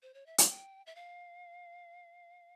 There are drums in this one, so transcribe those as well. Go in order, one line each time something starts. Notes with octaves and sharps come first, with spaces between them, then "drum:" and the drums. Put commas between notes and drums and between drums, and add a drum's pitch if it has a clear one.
C5
C#5
E5
F5, drum: hi-hat
G5
E5
F5